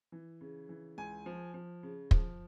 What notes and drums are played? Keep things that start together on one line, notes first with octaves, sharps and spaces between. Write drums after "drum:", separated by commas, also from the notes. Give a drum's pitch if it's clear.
E3
C#3
E3
C#2 G#5
F3
F3
C#3
F3, drum: kick